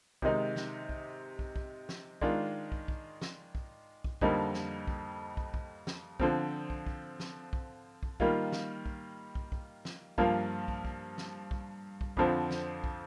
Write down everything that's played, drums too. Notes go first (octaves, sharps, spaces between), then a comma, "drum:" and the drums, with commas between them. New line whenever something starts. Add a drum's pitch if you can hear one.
C3 D#3 G#3 D#4, drum: kick
drum: snare
drum: kick
drum: kick
drum: kick
drum: snare
D#3 G#3 D4 F4, drum: kick
drum: kick
drum: kick
drum: snare
drum: kick
drum: kick
F2 D3 G3 A#3 D#4, drum: kick
drum: snare
drum: kick
drum: kick
drum: kick
drum: snare
D3 F3 C4, drum: kick
drum: kick
drum: kick
drum: snare
drum: kick
drum: kick
D#3 G3 A#3 F4, drum: kick
drum: snare
drum: kick
drum: kick
drum: kick
drum: snare
G2 F3 A#3 F4, drum: kick
drum: kick
drum: kick
drum: snare
drum: kick
drum: kick
F2 D3 F3 C4, drum: kick
drum: snare
drum: kick